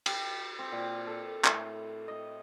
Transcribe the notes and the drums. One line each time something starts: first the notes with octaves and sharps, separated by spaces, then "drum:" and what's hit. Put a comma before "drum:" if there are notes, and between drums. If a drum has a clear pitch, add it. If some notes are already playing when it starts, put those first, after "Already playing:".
G4, drum: cymbal
C4
A#2
A4
A2, drum: clap
D#5